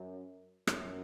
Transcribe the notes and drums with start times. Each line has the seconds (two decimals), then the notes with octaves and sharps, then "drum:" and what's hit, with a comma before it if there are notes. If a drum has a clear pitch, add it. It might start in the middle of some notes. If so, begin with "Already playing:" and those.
Already playing: F#2
0.67 F#2, drum: rim click